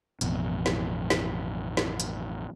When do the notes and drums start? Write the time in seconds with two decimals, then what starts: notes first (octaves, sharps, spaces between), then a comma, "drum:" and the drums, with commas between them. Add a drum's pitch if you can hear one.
0.21 A1 F2 B2, drum: hi-hat
0.66 drum: snare
1.10 drum: snare
1.77 drum: snare
2.00 drum: hi-hat